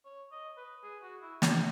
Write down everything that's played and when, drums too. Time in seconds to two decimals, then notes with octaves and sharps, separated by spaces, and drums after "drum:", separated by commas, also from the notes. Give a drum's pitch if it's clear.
0.06 C#5
0.31 D#5
0.57 B4
0.83 G#4
1.02 F#4
1.22 E4
1.42 D#4, drum: snare